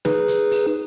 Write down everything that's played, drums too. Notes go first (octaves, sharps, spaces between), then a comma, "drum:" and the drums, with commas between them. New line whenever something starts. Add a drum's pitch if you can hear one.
D#4 G#4 B4, drum: snare
drum: hi-hat
drum: open hi-hat